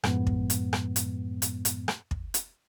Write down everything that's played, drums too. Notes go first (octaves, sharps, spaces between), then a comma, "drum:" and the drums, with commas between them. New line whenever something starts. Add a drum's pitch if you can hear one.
F#2 A2 F3 G#3 B3, drum: rim click
drum: kick
drum: hi-hat
drum: rim click
drum: hi-hat
drum: hi-hat
drum: hi-hat
drum: rim click
drum: kick
drum: hi-hat